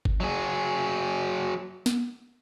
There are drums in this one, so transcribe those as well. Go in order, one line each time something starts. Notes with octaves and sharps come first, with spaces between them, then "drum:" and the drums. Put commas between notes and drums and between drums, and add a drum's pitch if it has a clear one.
drum: kick G1
F#3 G#4
drum: snare